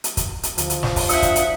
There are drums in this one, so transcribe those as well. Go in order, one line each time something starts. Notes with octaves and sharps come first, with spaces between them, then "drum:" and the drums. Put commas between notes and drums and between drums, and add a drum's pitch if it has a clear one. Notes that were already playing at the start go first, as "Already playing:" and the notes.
drum: hi-hat
drum: kick, hi-hat
drum: hi-hat
D2 F3, drum: hi-hat
drum: hi-hat
drum: snare
drum: kick, open hi-hat
D4 F4 E5 F#5 D#6 G6, drum: hi-hat
drum: kick, hi-hat
drum: hi-hat